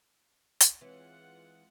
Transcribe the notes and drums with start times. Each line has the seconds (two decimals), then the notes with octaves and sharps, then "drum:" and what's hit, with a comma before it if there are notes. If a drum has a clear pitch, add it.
0.60 drum: hi-hat
0.81 E3 G#3 C4 F4 B4 C#5 F#5